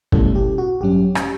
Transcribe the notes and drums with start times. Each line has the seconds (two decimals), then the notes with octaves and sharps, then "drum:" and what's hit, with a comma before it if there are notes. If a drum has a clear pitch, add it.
0.12 B1 B2 G3 A3 C#4 E4 A4, drum: kick
0.35 G4
0.58 F#4
0.81 A1 G2 F#3 C#4 G4
1.15 drum: rim click